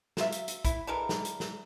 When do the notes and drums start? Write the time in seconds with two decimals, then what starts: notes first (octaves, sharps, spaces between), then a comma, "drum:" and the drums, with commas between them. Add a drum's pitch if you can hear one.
0.17 F#3 F4 E5, drum: snare
0.32 drum: hi-hat
0.48 drum: hi-hat
0.65 E4, drum: kick, hi-hat
0.87 D3 E3 G#3 A#4
1.09 drum: snare
1.25 drum: hi-hat
1.40 drum: snare